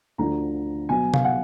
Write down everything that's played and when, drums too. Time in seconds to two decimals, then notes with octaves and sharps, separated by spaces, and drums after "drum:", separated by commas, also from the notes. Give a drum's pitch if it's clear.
0.18 D2 D3 F3 A#5
0.89 B2 F#3 B3 G#5
1.14 F5, drum: tom C3
1.25 F#5